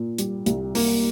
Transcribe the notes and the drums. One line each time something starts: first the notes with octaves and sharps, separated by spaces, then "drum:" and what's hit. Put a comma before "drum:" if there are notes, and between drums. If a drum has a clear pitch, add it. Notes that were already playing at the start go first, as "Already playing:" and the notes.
Already playing: A#2
G3, drum: hi-hat
C2, drum: hi-hat
A#3, drum: open hi-hat